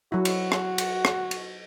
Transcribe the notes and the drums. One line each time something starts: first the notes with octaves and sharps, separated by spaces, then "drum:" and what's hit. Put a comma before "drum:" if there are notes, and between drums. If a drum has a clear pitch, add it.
F#3 E4 F#4
drum: cymbal
drum: rim click
drum: cymbal
drum: rim click
drum: cymbal